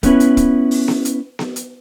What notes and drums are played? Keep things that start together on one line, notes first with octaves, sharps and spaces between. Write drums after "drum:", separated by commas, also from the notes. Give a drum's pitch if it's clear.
A3 B3 C#4 E4 B4, drum: kick, hi-hat
drum: hi-hat
drum: kick, hi-hat
drum: open hi-hat
drum: snare B3
drum: hi-hat
drum: snare B3
drum: hi-hat